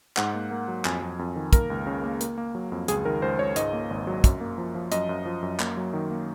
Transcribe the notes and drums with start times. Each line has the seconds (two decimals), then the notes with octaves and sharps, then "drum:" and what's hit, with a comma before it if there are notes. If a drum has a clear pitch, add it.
0.17 G#2 F#5, drum: clap
0.34 A#3
0.51 A#3
0.68 F#3
0.85 F2 G#5, drum: clap
1.02 F2
1.19 F2
1.36 D#3
1.53 A#3 A#4, drum: kick, hi-hat
1.70 C#2
1.86 C#3
2.04 A#3
2.21 A#3, drum: hi-hat
2.38 A#3
2.55 F#3
2.72 F2
2.88 C#2 G#4, drum: hi-hat
3.05 D#3 A#4
3.22 C#2 C5
3.39 C#2 C#5
3.56 G#2 D#5, drum: hi-hat
3.73 A#3
3.90 G#1
4.07 F#3
4.24 F#2, drum: kick, hi-hat
4.41 A#3
4.58 F3
4.75 F3
4.92 F#2 D#5, drum: hi-hat
5.09 F#2
5.25 F3
5.43 F#2
5.60 A#3, drum: clap
5.77 F#3
5.93 D#3
6.10 A#3